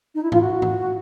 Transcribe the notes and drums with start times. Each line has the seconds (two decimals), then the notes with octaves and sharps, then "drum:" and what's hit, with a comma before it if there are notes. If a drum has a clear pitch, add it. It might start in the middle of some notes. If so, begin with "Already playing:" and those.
0.15 D#4
0.23 E4
0.32 F4, drum: tom G#2
0.41 F#4
0.62 drum: tom G#2